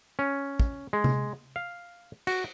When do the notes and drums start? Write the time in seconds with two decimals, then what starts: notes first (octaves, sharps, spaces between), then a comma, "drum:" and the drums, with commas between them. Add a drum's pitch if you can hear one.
0.19 C#4
0.60 drum: kick
0.93 G#3
1.04 drum: tom C3
1.56 F5
2.27 F#4, drum: cymbal